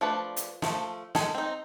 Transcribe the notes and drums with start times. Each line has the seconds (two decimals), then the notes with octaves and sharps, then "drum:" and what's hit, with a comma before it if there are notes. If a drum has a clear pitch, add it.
0.01 F3 A3 D4 B4
0.37 drum: hi-hat
0.62 F3 A3, drum: snare
1.15 G#3 A4 G#5, drum: snare
1.35 C4 D#4